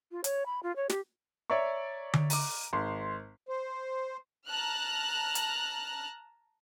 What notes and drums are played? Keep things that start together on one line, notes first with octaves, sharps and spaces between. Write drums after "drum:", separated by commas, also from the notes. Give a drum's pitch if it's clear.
F4
C#5, drum: hi-hat
B5
F4
C#5
G4, drum: snare
C#5 D5 E5 A#5 C#6
drum: tom D3
A#5 D6, drum: open hi-hat
G#1 C6
C5
A5 A#5 F6 F#6
drum: hi-hat